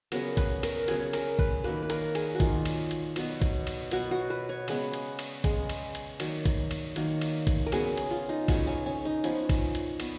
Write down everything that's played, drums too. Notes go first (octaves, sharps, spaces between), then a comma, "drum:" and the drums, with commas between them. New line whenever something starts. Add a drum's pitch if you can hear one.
C#3 F#3 B3 A#4, drum: cymbal
B4, drum: kick A1, cymbal
A#4, drum: cymbal
C#3 F#3 B3 G#4, drum: cymbal
A#4, drum: cymbal
B4, drum: kick A1
D#3 F#3 A#3 B4
B4
A#4, drum: cymbal
G#4, drum: cymbal
F#4
D#3 F#3 A#3 F4, drum: kick A1, cymbal
drum: cymbal
drum: cymbal
B2 F#3 B3, drum: cymbal
drum: kick A1, cymbal
drum: cymbal
B2 F#3 B3 F#4, drum: cymbal
F#4
B4
C#5
C#3 G#3 B3 B4, drum: cymbal
drum: cymbal
drum: cymbal
C#3 G#3 B3, drum: kick A1, cymbal
drum: cymbal
drum: cymbal
D#3 F#3 A#3, drum: cymbal
drum: kick A1, cymbal
drum: cymbal
D#3 F#3 A#3, drum: cymbal
drum: cymbal
drum: kick A1, cymbal
A#4
C#3 F#3 B3 G#4, drum: cymbal
drum: cymbal
F4
D#4
C#3 F#3 B3 C#4, drum: kick A1, cymbal
C#4
C#4
D#4
F3 B3 C#4, drum: cymbal
drum: kick A1, cymbal
drum: cymbal
B3, drum: cymbal